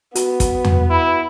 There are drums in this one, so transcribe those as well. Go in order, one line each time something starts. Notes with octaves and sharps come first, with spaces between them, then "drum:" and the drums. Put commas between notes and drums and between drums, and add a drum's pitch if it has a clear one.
B3 F#4, drum: hi-hat
drum: kick, hi-hat
drum: tom E2
E4